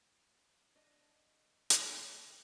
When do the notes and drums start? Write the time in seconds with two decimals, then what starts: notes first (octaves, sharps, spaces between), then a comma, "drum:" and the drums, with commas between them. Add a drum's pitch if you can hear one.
0.76 D4 D#5
1.70 drum: hi-hat